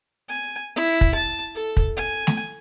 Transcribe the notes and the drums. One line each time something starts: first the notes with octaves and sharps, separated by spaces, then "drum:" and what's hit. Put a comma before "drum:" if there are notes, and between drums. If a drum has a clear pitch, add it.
G#5
E4
drum: kick
A5
A4
drum: kick
G#5
drum: snare